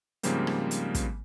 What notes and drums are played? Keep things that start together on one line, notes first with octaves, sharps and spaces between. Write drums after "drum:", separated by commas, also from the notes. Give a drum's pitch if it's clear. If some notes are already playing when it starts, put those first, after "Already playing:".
G#2 C#3 F3 G3 A#3 C4, drum: hi-hat
drum: rim click
drum: hi-hat
drum: kick, hi-hat